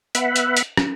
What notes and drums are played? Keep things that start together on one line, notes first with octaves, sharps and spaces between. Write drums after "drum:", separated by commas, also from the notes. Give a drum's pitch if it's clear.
B3 E5 F#5 B5, drum: hi-hat
drum: hi-hat
drum: hi-hat
drum: rim click